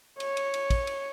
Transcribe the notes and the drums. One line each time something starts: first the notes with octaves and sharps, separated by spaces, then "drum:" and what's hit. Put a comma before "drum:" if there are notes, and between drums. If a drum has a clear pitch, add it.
C#5, drum: cymbal
drum: cymbal
drum: cymbal
drum: kick, cymbal
drum: cymbal